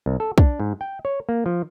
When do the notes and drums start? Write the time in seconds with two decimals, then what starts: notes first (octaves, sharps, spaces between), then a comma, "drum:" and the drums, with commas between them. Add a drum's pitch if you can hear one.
0.06 C2
0.20 A4
0.38 D4, drum: kick
0.60 G#2
0.81 G5
1.05 C#5
1.29 A#3
1.46 F3